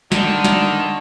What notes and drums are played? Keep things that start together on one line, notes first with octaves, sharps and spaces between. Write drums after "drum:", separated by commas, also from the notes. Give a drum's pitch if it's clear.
D3 D#3, drum: snare
drum: snare